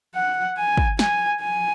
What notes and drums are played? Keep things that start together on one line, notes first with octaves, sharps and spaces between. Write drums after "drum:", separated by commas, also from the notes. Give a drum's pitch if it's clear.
F#5
G#5
drum: kick
G#5, drum: snare
G#5